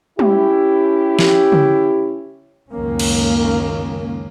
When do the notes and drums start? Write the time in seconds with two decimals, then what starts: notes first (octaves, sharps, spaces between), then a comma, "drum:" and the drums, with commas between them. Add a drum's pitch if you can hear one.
0.19 C#4 E4 G4, drum: tom G3
1.19 drum: snare
1.52 drum: tom C#3
2.72 C#2 F#2 D#3 A#3 C#4
2.99 drum: cymbal